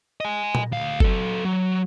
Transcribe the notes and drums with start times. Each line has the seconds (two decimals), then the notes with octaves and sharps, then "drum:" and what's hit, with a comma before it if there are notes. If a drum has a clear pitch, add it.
0.21 D#5 G#5
0.55 drum: tom A#2
0.72 D2 F5
1.00 F#3 A4, drum: kick F#1
1.45 F#3